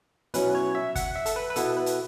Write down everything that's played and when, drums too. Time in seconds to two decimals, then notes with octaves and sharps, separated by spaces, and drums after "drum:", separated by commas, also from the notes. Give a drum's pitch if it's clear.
0.34 B2 F#3 C#4 E4 B4, drum: hi-hat
0.55 C#5
0.75 E5
0.96 F#5, drum: kick, hi-hat
1.16 E5
1.26 A4, drum: hi-hat
1.36 B4
1.50 B4
1.56 B2 B3 E4 A4, drum: hi-hat
1.77 B4
1.86 drum: hi-hat